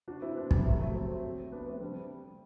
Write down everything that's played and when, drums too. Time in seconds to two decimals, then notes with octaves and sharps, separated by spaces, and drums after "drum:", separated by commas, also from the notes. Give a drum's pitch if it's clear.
0.08 D4 F#4
0.22 C4 E4
0.37 B3 D4
0.51 G3 B3, drum: kick
0.66 F#3 A3
0.80 F#3 A3
0.94 A3 C4
1.52 B3 D4
1.63 D4
1.67 A3 C4
1.81 G3